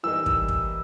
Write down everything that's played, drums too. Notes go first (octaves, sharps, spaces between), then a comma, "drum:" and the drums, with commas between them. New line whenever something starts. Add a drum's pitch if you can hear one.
E3 G3 A#3 D#4 E6
drum: kick
drum: kick